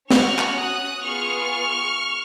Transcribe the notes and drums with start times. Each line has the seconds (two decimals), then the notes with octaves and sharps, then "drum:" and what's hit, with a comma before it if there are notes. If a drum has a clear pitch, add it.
0.11 C#4 F#4 C#6 F6, drum: snare
0.39 drum: clap
0.56 D#6 F#6
1.03 B3 F4 G#4 C#6 F6